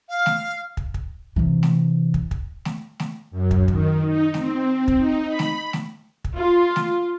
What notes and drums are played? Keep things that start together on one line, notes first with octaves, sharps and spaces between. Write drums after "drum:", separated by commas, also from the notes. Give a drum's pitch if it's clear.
F5
drum: snare
drum: kick
drum: kick
C3 E3
drum: snare
drum: kick
drum: kick
drum: snare
drum: snare
F#2
drum: kick
D#3, drum: kick
D#4
C4, drum: snare
drum: kick
D#4
B5
drum: snare
drum: snare
drum: kick
F4
drum: snare